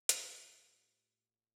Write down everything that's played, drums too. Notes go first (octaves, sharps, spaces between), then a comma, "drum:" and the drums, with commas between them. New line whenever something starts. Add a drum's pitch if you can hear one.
A2 G3 C#4 F4 A4, drum: hi-hat